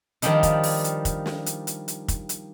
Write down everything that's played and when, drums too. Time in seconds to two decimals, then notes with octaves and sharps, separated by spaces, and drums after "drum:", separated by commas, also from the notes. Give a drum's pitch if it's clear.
0.22 D#3 F3 G3 D4 D#4, drum: hi-hat
0.43 drum: kick, hi-hat
0.64 drum: open hi-hat
0.84 drum: hi-hat
1.05 drum: kick, hi-hat
1.26 drum: snare
1.46 drum: hi-hat
1.67 drum: hi-hat
1.88 drum: hi-hat
2.08 drum: kick, hi-hat
2.29 drum: hi-hat